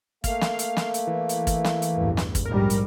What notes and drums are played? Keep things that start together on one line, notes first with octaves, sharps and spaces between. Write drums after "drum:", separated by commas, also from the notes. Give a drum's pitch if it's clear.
A3 A#3 F5, drum: kick, hi-hat
drum: snare
drum: hi-hat
drum: snare
drum: hi-hat
E3
drum: hi-hat
drum: kick, hi-hat
drum: snare
drum: hi-hat
A1 E2 G2
drum: snare
drum: kick, hi-hat
A#1 G#2 G3 A#4
drum: hi-hat